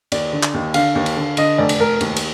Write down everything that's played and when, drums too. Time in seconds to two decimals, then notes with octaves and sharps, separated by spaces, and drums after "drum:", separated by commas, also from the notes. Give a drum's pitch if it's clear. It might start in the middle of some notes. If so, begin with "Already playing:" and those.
0.12 D#2 D5, drum: cymbal
0.33 D3
0.43 drum: clap
0.54 D#2
0.74 D3 F5, drum: cymbal
0.95 D#2
1.06 drum: cymbal
1.17 D3
1.37 D3 D#5, drum: cymbal
1.58 F1 D5
1.69 drum: cymbal
1.80 F1 A#4
2.01 D#2, drum: cymbal
2.16 drum: cymbal